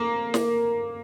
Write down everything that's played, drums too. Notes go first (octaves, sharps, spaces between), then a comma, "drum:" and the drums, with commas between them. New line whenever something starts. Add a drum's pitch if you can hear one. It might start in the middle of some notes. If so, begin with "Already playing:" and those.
Already playing: A#3
drum: snare